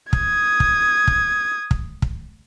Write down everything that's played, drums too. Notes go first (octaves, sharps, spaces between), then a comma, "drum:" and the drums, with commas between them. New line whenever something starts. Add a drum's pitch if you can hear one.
D#6 G#6, drum: kick
drum: kick
drum: kick
drum: kick
drum: kick